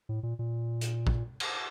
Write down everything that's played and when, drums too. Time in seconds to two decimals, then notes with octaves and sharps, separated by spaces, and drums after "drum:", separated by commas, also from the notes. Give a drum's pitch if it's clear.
0.09 A2
0.23 A#2
0.39 A#2
0.81 drum: hi-hat
1.07 drum: kick
1.40 drum: cymbal